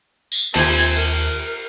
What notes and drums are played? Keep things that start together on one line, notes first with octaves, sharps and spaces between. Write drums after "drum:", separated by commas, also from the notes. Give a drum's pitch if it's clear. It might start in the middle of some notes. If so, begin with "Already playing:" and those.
drum: tambourine
D#2 C4 G#5 A5, drum: cymbal
A#4, drum: open hi-hat